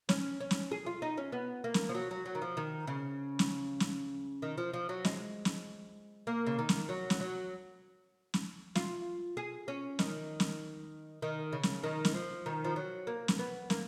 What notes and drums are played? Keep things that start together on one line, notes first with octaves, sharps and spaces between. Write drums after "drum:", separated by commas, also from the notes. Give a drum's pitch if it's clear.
C#4, drum: snare
C#4
drum: snare
G#4
F4
D#4
C#4
B3
A#3
drum: snare
F3
F#3
F#3
F#3
D#3
F3
D#3
C#3
drum: snare
drum: snare
D#3
F3
F3
F#3
G#3, drum: snare
drum: snare
A#3
C#3
D#3
drum: snare
F#3
drum: snare
F#3
drum: snare
F4, drum: snare
G#4
C#4
D#3, drum: snare
drum: snare
D#3
C#3
drum: snare
D#3
drum: snare
F3
D#3
F3
F#3
A#3
drum: snare
B3
A#3, drum: snare